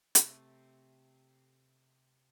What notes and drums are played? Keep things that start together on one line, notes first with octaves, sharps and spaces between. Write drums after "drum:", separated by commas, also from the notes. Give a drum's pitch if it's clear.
C3 A3 G4, drum: hi-hat